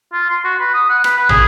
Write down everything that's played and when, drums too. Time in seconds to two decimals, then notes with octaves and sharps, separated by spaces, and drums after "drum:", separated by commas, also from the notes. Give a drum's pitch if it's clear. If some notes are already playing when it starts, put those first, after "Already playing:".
0.13 F4
0.29 C6
0.44 F#4
0.59 B4
0.74 D#6
0.89 F#5
1.04 B4, drum: rim click
1.17 B4
1.29 G#4, drum: tom